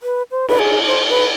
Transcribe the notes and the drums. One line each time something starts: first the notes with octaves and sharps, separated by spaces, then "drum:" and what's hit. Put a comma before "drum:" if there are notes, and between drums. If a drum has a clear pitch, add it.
B4
C5
B4, drum: cymbal
G#4
C5
B4